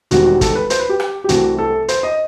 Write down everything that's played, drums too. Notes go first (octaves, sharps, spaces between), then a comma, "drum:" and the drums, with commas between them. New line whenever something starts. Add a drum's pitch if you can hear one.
E1 E2 D#3 G3 C4 F#4, drum: hi-hat
F#4
A4, drum: kick, hi-hat
B4
C5, drum: hi-hat
B4
G4
drum: rim click
G4
C2 C3 E3 A3 C4 F#4, drum: hi-hat
A4
C5, drum: hi-hat
D#5